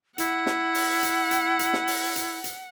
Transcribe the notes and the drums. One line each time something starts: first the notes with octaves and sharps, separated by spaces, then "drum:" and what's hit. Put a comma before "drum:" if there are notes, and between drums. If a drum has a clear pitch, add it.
E4 F#5, drum: hi-hat
drum: snare
drum: open hi-hat
drum: hi-hat
drum: hi-hat
drum: hi-hat
drum: snare
drum: open hi-hat
drum: hi-hat
drum: hi-hat